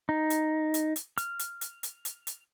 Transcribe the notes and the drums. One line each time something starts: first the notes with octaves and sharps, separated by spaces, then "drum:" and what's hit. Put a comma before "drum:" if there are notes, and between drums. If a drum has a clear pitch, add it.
D#4
drum: hi-hat
drum: hi-hat
drum: hi-hat
F6, drum: hi-hat
drum: hi-hat
drum: hi-hat
drum: hi-hat
drum: hi-hat
drum: hi-hat